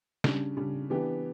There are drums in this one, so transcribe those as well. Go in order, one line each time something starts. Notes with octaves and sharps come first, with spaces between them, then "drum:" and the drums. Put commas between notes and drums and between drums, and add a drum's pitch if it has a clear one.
C#3 G3 D4, drum: snare
C#3 G3 D4
E3 B3 D4 G4